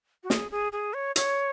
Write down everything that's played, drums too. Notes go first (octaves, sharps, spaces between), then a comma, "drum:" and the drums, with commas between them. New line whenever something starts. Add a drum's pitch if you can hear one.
F#4
G#4, drum: snare
G#4
G#4
C#5
C#5, drum: hi-hat